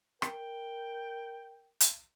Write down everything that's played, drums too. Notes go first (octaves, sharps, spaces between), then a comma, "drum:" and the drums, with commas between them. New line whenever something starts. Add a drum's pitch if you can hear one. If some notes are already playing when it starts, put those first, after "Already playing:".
A#4 G5, drum: rim click
drum: hi-hat